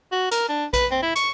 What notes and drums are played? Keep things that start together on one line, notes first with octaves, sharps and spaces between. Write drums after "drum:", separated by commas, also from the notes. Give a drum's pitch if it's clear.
F#4
A#4, drum: hi-hat
D4
B4, drum: kick A#1, hi-hat
C4
E4
C#6, drum: hi-hat